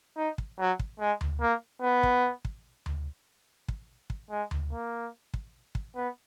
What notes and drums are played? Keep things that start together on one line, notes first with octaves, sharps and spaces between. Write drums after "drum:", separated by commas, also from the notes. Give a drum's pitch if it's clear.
D#4
drum: kick
F#3
drum: kick
G#3
drum: tom D2
A#3
B3
drum: kick
drum: kick
drum: tom D2
drum: kick
drum: kick
G#3
drum: tom D2
A#3
drum: kick
drum: kick
B3